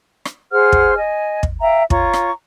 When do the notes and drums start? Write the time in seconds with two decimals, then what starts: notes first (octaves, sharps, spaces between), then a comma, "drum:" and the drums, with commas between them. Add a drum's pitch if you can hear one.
0.25 drum: rim click
0.51 G#4 C5 F#5 F6
0.72 drum: kick
0.96 D#5 G#5
1.43 drum: kick
1.61 E5 F5 G5 A#5
1.90 F4 C#5 A#5 C#6, drum: kick
2.13 drum: rim click